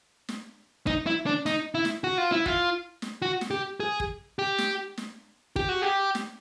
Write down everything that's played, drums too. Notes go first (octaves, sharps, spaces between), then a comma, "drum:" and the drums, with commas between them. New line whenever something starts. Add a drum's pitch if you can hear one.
drum: snare
D#4, drum: kick
E4
D4
D#4, drum: snare
E4
drum: snare
F#4
F4
E4
F4, drum: kick
drum: snare
F#4
drum: snare
G4
G#4
drum: kick
G4
drum: snare
drum: snare
G4, drum: kick
F#4
G4
drum: snare